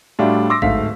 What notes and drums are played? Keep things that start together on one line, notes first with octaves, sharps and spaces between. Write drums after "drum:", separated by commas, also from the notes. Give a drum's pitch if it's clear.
A2 G3 A3 D4 F4 F#4
C6 D6 E6 A#6
D1 G#2 A3 F5 B6, drum: kick G#1